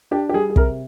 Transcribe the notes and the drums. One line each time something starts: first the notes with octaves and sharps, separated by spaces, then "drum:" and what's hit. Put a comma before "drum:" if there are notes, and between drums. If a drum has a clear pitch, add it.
D4 G4
G4
G3 G#4
G#4
C3 A#4, drum: kick